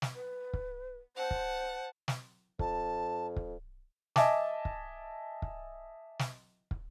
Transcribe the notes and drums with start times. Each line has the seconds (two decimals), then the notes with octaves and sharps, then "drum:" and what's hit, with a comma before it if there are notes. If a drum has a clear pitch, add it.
0.02 drum: snare
0.15 B4
0.53 drum: kick
1.17 C5 F#5 A5
1.31 drum: kick
2.08 drum: snare
2.59 F2 A5, drum: kick
3.36 drum: kick
4.16 D#5 E5 G#5 A5 D6, drum: snare
4.65 drum: kick
5.42 drum: kick
6.19 drum: snare
6.71 drum: kick